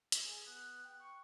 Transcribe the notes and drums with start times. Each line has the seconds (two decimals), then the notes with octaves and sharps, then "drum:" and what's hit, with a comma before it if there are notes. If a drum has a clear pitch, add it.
0.12 drum: hi-hat
0.25 G#4 G#5
0.46 B3 F#6
0.84 G5
1.00 C#6